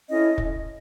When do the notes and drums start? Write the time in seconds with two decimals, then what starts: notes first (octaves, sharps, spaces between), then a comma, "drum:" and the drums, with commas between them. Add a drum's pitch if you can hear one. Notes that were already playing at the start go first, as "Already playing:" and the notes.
0.09 C#4 E4 A4 D#5
0.38 drum: kick